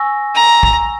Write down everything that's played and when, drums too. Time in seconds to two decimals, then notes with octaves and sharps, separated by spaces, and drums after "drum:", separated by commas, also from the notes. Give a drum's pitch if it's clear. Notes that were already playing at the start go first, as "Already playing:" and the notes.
Already playing: G#5 C#6 E6 A#6
0.35 A#5
0.63 drum: kick